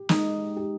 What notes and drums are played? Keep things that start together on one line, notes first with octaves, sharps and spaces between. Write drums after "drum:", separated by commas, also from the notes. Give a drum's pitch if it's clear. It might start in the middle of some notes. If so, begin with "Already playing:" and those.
Already playing: G4
G#3 D#4, drum: snare
G4